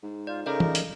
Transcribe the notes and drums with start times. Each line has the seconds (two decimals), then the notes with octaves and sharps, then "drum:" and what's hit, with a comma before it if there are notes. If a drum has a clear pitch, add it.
0.03 G#2
0.27 F4 D5
0.46 C#3 D#4 A4 A#4 D5 D#5
0.60 drum: tom E3
0.75 drum: hi-hat